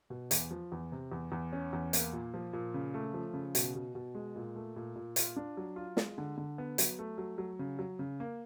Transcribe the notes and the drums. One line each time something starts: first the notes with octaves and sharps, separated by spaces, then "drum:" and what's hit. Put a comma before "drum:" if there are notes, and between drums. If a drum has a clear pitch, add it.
B2
E2, drum: hi-hat
F3
E2
C3
E2
E2
C#4
E2
A#3, drum: hi-hat
A#2
F3
A#2
C#3
A3
F3
C#3
B2, drum: hi-hat
B2
B2
G#3
A#2
A3
A#2
A#2
F4, drum: hi-hat
D4
F#3
F4
G#3, drum: snare
D3
D3
B3
F#3, drum: hi-hat
A3
F#3
F#3
C#3
F#3
C#3
A#3